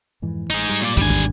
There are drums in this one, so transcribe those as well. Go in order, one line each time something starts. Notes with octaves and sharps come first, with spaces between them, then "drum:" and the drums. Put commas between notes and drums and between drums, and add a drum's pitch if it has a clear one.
F2 G#2 E3
A1 D#4 G#4
G#2 G3
A#2 D5
G#1 E2 G3 C4 D4 G#5, drum: kick
drum: kick